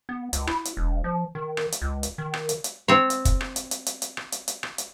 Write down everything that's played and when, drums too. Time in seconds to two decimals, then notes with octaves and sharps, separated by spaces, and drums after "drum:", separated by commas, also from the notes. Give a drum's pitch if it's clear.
0.09 B3
0.33 C#2, drum: hi-hat
0.47 E4, drum: rim click
0.65 drum: hi-hat
0.77 E1
1.04 F3
1.35 D#3
1.57 drum: rim click
1.72 drum: hi-hat
1.82 C#2
2.03 drum: hi-hat
2.18 D#3
2.34 drum: rim click
2.49 drum: hi-hat
2.64 drum: hi-hat
2.88 C4 C#5
3.10 drum: hi-hat
3.25 drum: kick, hi-hat
3.41 drum: rim click
3.56 drum: hi-hat
3.71 drum: hi-hat
3.86 drum: hi-hat
4.02 drum: hi-hat
4.17 drum: rim click
4.32 drum: hi-hat
4.48 drum: hi-hat
4.63 drum: rim click
4.78 drum: hi-hat